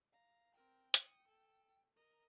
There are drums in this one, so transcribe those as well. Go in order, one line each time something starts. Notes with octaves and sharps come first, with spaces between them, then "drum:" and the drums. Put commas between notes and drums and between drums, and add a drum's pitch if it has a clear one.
F5 A#5
C4 A#4 G5
D#6 C#7, drum: hi-hat
A4
A#4 D#5